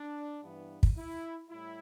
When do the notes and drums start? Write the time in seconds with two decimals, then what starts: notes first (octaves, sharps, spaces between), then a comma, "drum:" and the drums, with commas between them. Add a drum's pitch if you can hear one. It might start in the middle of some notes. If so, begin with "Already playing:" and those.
Already playing: D4
0.42 G2 E3 B3
0.83 drum: kick
0.97 E4
1.50 A2 G3 E4